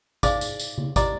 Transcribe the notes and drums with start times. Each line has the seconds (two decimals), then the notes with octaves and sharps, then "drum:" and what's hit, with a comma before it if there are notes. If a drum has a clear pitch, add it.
0.23 D#4 G#4 C5 D5 F5 G#5, drum: kick G#1, tambourine
0.41 drum: tambourine
0.60 drum: tambourine
0.78 drum: tom C#3
0.96 G4 C5 D5 D#5 A#5, drum: kick G#1, tambourine